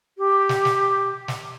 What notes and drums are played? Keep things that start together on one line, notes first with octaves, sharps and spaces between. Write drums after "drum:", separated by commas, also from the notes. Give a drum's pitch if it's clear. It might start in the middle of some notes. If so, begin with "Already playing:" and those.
G4
drum: snare
drum: snare
drum: snare